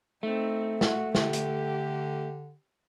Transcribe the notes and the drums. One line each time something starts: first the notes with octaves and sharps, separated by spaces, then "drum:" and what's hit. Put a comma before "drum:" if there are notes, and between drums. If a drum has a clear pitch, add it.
A3 C4 D#4
F#4, drum: snare
D3 G4, drum: snare
drum: hi-hat